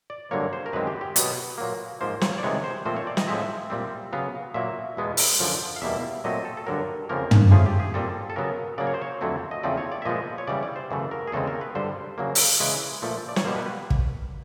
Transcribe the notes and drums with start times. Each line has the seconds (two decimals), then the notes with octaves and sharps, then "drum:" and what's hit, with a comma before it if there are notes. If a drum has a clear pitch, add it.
0.10 D5
0.31 G2 D3 F#3 A#3 C#5
0.53 C5
0.66 A#4
0.73 F#2 D#3 G#3 C4 B4
0.87 G4
1.01 G4
1.16 B2 F#3 B3 B4, drum: hi-hat
1.58 A#2 F#3 A#3
2.01 G#2 F3 A#3 C5
2.21 C#5, drum: snare
2.38 D5
2.43 C3 D#3 G#3 B3 C#5
2.64 C5
2.85 A#2 F3 A3 C4 C5
2.96 C#5
3.07 D5
3.17 D#5, drum: snare
3.27 A2 F3 G#3 C4 E5
3.70 A#2 G3 C4
4.13 C#3 F#3 B3 F5
4.54 A#2 F#3 A#3 E5
4.97 E2 B2 G#3 B3
5.17 drum: open hi-hat
5.39 F#2 D3 F3
5.76 F5
5.82 E2 B2 G3 A#3 E5
6.24 A#2 F#3 A3 C4 D#5
6.45 A4
6.57 A4
6.67 G2 D3 F#3 A#4
7.09 F2 C#3 F3 A#3 A#4
7.31 drum: tom
7.51 C#3 F3 A3 G#4
7.66 G4
7.80 G#4
7.94 A#2 G3 C4 A4
8.30 A4
8.36 C#3 F#3 B3 A#4
8.78 C#3 F#3 A#3 D5
8.87 C#5
8.94 C5
9.01 C#5
9.21 F2 D3 F#3 A3 C4
9.51 D#5
9.63 E2 C#3 F3 A3 C4 D5
9.77 C#5
9.92 D5
10.02 E5
10.05 A#2 F3 G#3 B3 D#5
10.38 C#5
10.47 C#3 E3 G3 D5
10.63 D5
10.76 C5
10.91 F#2 C#3 E3 A3
11.11 A#4
11.27 G#4
11.32 E2 C#3 E3 G#3 C4 A4
11.47 A#4
11.61 B4
11.75 G2 D3 G3 C5
12.18 C#3 F#3 A#3
12.35 drum: open hi-hat
12.60 C#3 E3 G#3 B4
13.02 A#2 F3 A3
13.29 D5
13.36 C#5, drum: snare
13.45 B2 G3 A#3 C5
13.56 B4
13.66 B4
13.90 drum: kick